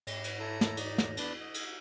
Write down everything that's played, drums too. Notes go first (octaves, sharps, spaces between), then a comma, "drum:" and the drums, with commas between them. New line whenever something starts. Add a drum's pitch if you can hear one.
G#2 C#5 A#6, drum: cymbal
drum: cymbal
E4 A4 A#5
drum: snare
D#4 D5, drum: cymbal
drum: snare
B3 D4 A5, drum: cymbal
D#5
drum: cymbal